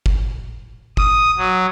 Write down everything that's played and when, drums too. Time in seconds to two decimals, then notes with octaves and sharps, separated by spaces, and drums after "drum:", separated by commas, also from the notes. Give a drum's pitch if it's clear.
0.06 drum: kick G1
0.97 D#6, drum: kick G1
1.38 F#3